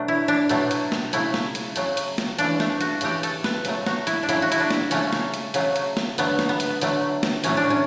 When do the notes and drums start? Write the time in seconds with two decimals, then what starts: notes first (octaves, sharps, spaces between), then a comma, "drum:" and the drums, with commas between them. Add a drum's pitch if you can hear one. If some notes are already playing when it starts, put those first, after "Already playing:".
Already playing: B2 F#3 A3 D4
0.08 E4
0.28 D4
0.49 B2 F#3 A3, drum: hi-hat
0.71 drum: hi-hat
0.92 drum: snare
1.13 C#3 F#3 A3 E4, drum: hi-hat
1.34 drum: snare
1.55 drum: hi-hat
1.76 C#3 F#3 A3, drum: hi-hat
1.97 drum: hi-hat
2.18 drum: snare
2.39 C#3 E3 A3 D4, drum: hi-hat
2.60 A3, drum: snare
2.81 F#4, drum: hi-hat
3.01 C#3 E3 A3 G4, drum: hi-hat
3.23 A4, drum: hi-hat
3.44 B4, drum: snare
3.65 C#3 F#3 A3, drum: hi-hat
3.86 F#4, drum: snare
4.07 E4, drum: hi-hat
4.23 D4
4.29 C#3 F#3 A3 E4, drum: hi-hat
4.42 F#4
4.52 E4, drum: hi-hat
4.60 D4
4.71 drum: snare
4.91 C#3 F#3 A3 C#4, drum: hi-hat
5.13 drum: snare
5.34 drum: hi-hat
5.54 C#3 F#3 A3, drum: hi-hat
5.76 drum: hi-hat
5.97 drum: snare
6.18 D3 F#3 A3 B3, drum: hi-hat
6.39 drum: snare
6.49 B3
6.60 drum: hi-hat
6.81 D3 F#3 A3, drum: hi-hat
7.23 drum: snare
7.44 A2 F#3 A3 C#4, drum: hi-hat
7.57 D4
7.70 C#4